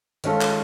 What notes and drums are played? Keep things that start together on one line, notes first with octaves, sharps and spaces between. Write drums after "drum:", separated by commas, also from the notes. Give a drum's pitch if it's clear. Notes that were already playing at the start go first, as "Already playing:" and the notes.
D#3 G#3 C#4 F4 A4, drum: hi-hat
drum: clap